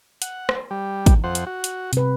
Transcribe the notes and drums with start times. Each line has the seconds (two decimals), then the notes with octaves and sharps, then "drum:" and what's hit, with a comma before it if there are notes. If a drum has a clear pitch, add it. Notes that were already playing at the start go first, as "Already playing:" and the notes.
0.22 F#5, drum: hi-hat
0.49 drum: rim click
0.71 G3
1.06 drum: kick, hi-hat
1.24 F2 C5 F#5
1.35 drum: hi-hat
1.47 F#4
1.64 drum: hi-hat
1.93 C3 B4, drum: hi-hat